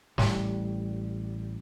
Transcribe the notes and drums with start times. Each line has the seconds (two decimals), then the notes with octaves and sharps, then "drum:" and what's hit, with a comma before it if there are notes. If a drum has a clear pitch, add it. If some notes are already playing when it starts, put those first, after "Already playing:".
0.18 A1 G3, drum: snare